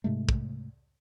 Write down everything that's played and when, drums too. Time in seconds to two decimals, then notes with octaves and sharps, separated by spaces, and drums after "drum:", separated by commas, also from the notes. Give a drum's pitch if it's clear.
0.04 G#2 C3 G#3 A3
0.29 drum: kick